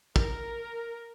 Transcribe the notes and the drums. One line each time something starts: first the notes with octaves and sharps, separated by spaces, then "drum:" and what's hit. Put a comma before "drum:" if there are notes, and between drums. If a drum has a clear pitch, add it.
A#4, drum: kick